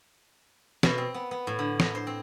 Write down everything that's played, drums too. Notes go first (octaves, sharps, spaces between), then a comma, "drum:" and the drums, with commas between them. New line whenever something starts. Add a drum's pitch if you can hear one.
B2, drum: snare
C4
B3
B3
A2
D3
D#5, drum: snare
C5
C4